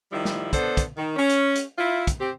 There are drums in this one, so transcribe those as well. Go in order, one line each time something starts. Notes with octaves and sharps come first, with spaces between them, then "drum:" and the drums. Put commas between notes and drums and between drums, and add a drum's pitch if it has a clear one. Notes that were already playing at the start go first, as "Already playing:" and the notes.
D#3 F3 G3 E4
drum: snare
B3 D4 A4 C5, drum: kick, hi-hat
drum: kick, hi-hat
D#3
C#4
drum: hi-hat
drum: hi-hat
E4 F4
drum: kick, hi-hat
C4 G4